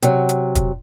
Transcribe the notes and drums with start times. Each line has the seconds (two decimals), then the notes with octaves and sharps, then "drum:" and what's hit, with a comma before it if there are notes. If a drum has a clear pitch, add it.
0.02 C3 F#3, drum: hi-hat
0.29 drum: hi-hat
0.55 drum: kick, hi-hat